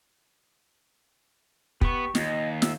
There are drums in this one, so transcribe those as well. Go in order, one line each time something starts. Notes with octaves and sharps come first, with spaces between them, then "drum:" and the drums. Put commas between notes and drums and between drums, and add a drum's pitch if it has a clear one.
B3 G4 C#6, drum: kick
D#2 D#5, drum: snare
E5, drum: snare